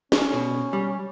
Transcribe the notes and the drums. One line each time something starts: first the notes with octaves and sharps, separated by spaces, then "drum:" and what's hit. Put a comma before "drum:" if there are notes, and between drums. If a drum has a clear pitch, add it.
C#4, drum: snare
B2
G3